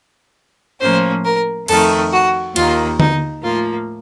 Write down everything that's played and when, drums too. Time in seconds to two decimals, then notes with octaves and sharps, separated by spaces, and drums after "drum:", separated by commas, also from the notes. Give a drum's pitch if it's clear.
0.81 A2 F3 A#3 C#4 C5
1.25 A#4
1.68 F2 D#3 A3 A4, drum: cymbal
2.12 F#4
2.56 D#2 D#3 A#3 F4, drum: cymbal
3.00 D#4, drum: tom D3
3.43 A2 F3 A#3 F4